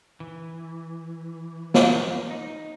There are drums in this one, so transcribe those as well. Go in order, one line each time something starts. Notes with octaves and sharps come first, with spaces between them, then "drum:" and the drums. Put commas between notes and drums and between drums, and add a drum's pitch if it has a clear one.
E3
drum: snare
D#4